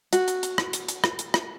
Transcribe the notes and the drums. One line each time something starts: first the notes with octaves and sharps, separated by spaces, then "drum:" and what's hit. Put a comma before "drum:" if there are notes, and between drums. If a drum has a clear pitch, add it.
F#4, drum: hi-hat
drum: hi-hat
drum: hi-hat
drum: rim click
drum: hi-hat
drum: hi-hat
drum: rim click
drum: hi-hat
drum: rim click